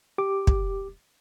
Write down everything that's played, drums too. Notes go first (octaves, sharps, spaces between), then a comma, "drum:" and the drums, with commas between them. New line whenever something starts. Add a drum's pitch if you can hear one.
G4 D6
drum: kick